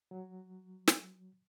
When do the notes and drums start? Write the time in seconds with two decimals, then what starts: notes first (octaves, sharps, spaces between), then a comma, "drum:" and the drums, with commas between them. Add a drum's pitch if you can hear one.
0.11 F#3
0.88 drum: snare